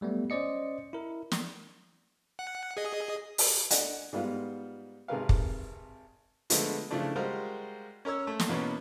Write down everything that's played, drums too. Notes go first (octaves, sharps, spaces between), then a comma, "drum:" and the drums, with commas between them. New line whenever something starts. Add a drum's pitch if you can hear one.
F#3 G3 A3 B3
C#4 C5 D5 D#5 C#7
E4 A#4
drum: snare
F#5
G#4 D#5
drum: open hi-hat
D4 D#5 F#5 G#5, drum: hi-hat
G#2 G3 B3 F4 F5
G#1 C3 G#4 A#4 B4 F5
drum: kick
D3 F3 G#3 A3 B3, drum: hi-hat
C#3 E3 F3 A3 D4
G3 G#3 F#4 A#4 C5 F5
C#4 A#4 C#5 E6
A3
drum: snare
E2 B2 A#3 B3 C#4 B4